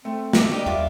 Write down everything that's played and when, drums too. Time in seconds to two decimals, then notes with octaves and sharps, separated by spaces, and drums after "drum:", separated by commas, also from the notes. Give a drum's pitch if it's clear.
0.05 A3 C4
0.33 D#3 F#3 A3 D6, drum: snare
0.51 G3 D4 G4 A#4 D#5
0.66 D#2 F4 E5 D6